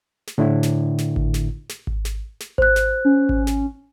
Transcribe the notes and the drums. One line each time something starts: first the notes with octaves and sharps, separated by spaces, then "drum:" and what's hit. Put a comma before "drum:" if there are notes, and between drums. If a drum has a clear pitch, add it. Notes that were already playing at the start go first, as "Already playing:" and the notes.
drum: snare
A2 D3 D4 E4
drum: snare
drum: snare
drum: kick G#1
drum: snare
drum: snare
drum: kick G#1
drum: snare
drum: snare
C5 F#6, drum: kick G#1
drum: snare
C#4
drum: kick G#1
drum: snare